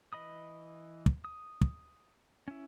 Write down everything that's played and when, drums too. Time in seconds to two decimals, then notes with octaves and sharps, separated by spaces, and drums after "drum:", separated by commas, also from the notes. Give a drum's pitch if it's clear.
0.13 E3 D#5 B5 D#6
1.06 drum: kick
1.25 D#6
1.61 drum: kick
2.48 C#4 E4